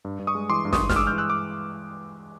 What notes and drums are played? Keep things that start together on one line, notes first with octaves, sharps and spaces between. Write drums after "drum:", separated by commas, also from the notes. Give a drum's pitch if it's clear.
G2
G2
C#6 D#6
G#3
E3 C6 D6
G2
C#6 D#6, drum: snare
G2
F6, drum: snare
G#3 D6 E6
E3 F6 G6
E6 F#6
D6